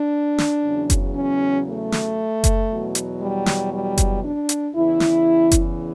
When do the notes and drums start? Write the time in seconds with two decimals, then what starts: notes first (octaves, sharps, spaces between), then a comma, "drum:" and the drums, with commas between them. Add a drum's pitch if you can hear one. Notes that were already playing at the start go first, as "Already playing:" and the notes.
Already playing: D4
0.38 drum: snare
0.65 E2 C#3 F#3
0.90 drum: kick F#1, hi-hat
1.15 C#4
1.67 A3
1.92 drum: snare
2.44 drum: kick F#1, hi-hat
2.70 E2 B2 F#3
2.95 drum: hi-hat
3.21 G3
3.46 drum: snare
3.72 G3
3.98 drum: kick F#1, hi-hat
4.23 D4
4.49 drum: hi-hat
4.74 E2 C#3 E3 E4
5.00 drum: snare
5.52 drum: kick F#1, hi-hat